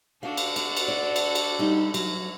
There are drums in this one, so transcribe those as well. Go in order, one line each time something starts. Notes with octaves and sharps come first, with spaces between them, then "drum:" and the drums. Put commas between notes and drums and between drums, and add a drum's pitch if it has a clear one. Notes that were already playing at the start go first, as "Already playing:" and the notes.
D4 F#4 A4 F5
drum: cymbal
D5, drum: cymbal
drum: cymbal
D5
drum: cymbal
drum: cymbal
G3 D#4
F#3, drum: cymbal